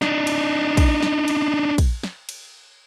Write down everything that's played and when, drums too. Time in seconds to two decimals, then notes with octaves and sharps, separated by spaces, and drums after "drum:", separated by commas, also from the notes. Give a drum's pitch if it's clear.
0.02 D4 D#4, drum: snare
0.27 drum: cymbal
0.77 drum: kick, cymbal
1.03 drum: snare
1.28 drum: cymbal
1.78 drum: kick, cymbal
2.03 drum: snare
2.29 drum: cymbal